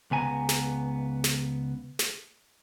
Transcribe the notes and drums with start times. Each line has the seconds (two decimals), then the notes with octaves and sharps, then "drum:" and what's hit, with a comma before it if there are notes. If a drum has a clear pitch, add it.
0.11 C#2 B3 G#5 A#5
0.49 drum: snare
1.24 drum: snare
1.99 drum: snare